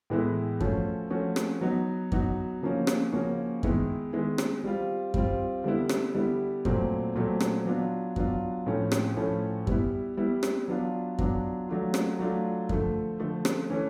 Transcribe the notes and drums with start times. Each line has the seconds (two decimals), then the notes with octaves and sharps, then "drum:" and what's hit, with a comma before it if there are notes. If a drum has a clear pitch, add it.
0.10 A2 E3 G#3 B3 E4
0.60 F3 A3 C#4 F#4, drum: kick F#2
1.10 F3 A3 C#4 F#4
1.36 drum: rim click
1.61 F#3 B3 D#4 F#4
2.12 F#3 B3 D#4 F#4, drum: kick F#2
2.62 C#3 F3 A#3 C#4 F#4
2.87 drum: rim click
3.13 C#3 F3 A#3 C#4 F#4
3.63 D#3 G#3 B3 E4, drum: kick F#2
4.13 D#3 G#3 B3 E4
4.38 drum: rim click
4.63 G3 C4 F4
5.14 G3 C4 F4, drum: kick F#2
5.64 D3 G3 B3 E4
5.89 drum: rim click
6.15 D3 G3 B3 E4
6.65 A#2 F#3 A3 C4, drum: kick F#2
7.16 A#2 F#3 A3 C4
7.40 drum: rim click
7.65 F#3 B3 D4 F4
8.16 F#3 B3 D4 F4, drum: kick F#2
8.66 A2 F3 A3 C#4
8.92 drum: rim click
9.17 A2 F3 A3 C#4
9.67 G3 B3 E4, drum: kick F#2
10.17 G3 B3 E4
10.43 drum: rim click
10.68 F#3 B3 D4 F4
11.19 F#3 B3 D4 F4, drum: kick F#2
11.68 F#3 A3 D4 F4
11.94 drum: rim click
12.19 F#3 A3 D4 F4
12.69 D3 F3 A3, drum: kick F#2
13.20 D3 F3 A3
13.45 drum: rim click
13.70 E3 A3 C#4